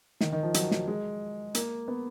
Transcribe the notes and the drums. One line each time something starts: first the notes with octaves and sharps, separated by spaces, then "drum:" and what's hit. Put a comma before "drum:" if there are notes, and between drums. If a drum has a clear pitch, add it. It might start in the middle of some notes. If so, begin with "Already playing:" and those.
D#3, drum: snare
D#3
F3
F#3, drum: hi-hat
F#3, drum: snare
G#3
A#3, drum: hi-hat
B3